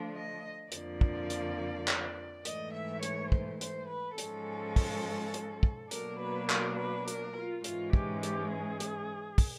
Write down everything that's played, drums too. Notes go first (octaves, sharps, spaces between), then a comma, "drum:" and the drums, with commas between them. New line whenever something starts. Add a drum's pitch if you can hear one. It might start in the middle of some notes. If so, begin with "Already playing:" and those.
Already playing: D3 F3 A3 D4
D#5
F2 D3 F3 A#3 D5, drum: hi-hat
drum: kick
drum: hi-hat
drum: clap
G#2 E3 A3 D#5, drum: hi-hat
E5
C#5, drum: hi-hat
C5, drum: kick
C5, drum: hi-hat
B4
G#2 F3 G#3 C#4 A4, drum: hi-hat
drum: kick, open hi-hat
drum: hi-hat
drum: kick
B2 F#3 A#3 D4 A#4, drum: hi-hat
B4
A#4, drum: clap
B4
A#4, drum: hi-hat
F4
G#2 E3 G#3 C#4 F4, drum: hi-hat
G4, drum: kick
G4, drum: hi-hat
G#4
drum: hi-hat
drum: kick, open hi-hat